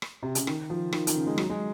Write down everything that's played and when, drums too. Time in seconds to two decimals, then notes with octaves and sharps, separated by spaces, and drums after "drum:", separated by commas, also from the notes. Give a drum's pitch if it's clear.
0.02 drum: rim click
0.23 C3
0.35 C#3, drum: hi-hat
0.47 D#3, drum: rim click
0.70 F3
0.93 D#3, drum: rim click
1.07 D#3, drum: hi-hat
1.16 C#3
1.27 G#3
1.38 F#3, drum: rim click
1.49 G#3